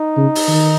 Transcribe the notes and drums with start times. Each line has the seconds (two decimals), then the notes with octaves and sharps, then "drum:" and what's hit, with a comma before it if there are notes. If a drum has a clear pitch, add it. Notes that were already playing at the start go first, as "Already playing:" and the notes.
Already playing: D#4
0.17 C#3
0.35 drum: open hi-hat
0.48 D#3